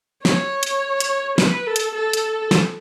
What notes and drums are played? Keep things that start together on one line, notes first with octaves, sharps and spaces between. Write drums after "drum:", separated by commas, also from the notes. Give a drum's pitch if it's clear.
C#5, drum: snare
drum: hi-hat
drum: hi-hat
B4, drum: snare
A4
drum: hi-hat
A4
drum: hi-hat
drum: snare